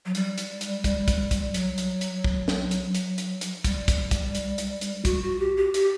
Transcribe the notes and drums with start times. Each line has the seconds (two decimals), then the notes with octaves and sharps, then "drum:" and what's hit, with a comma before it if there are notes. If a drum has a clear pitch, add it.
0.06 F#3
0.15 G3, drum: hi-hat
0.38 drum: hi-hat
0.61 drum: hi-hat
0.84 drum: kick, hi-hat
1.08 drum: kick, hi-hat
1.31 drum: kick, hi-hat
1.54 F#3, drum: hi-hat
1.78 drum: hi-hat
2.01 drum: hi-hat
2.24 drum: kick
2.48 drum: snare
2.71 drum: hi-hat
2.95 drum: hi-hat
3.18 drum: hi-hat
3.41 drum: hi-hat
3.64 G3, drum: kick, hi-hat
3.88 drum: kick, hi-hat
4.11 drum: kick, hi-hat
4.35 drum: hi-hat
4.58 drum: hi-hat
4.81 drum: hi-hat
5.05 F#4, drum: kick, hi-hat
5.23 F#4
5.39 G4
5.57 G4
5.74 G4, drum: hi-hat